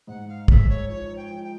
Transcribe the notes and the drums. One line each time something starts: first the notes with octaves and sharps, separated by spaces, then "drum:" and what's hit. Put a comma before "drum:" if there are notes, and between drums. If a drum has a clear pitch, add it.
G#2 F#5
F5
G#3 E5, drum: kick
C#5
F3 C#5
G5
F3
G5